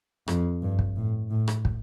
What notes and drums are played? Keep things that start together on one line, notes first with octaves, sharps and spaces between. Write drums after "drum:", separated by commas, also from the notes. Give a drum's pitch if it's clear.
F2, drum: rim click
G2
drum: kick
A2
A2
drum: rim click
drum: kick